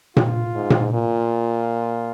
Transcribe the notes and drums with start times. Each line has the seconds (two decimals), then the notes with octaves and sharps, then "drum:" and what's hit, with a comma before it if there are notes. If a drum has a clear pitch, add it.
0.17 F4, drum: tom A#2
0.55 G#2
0.70 drum: tom A#2
0.93 A#2 F4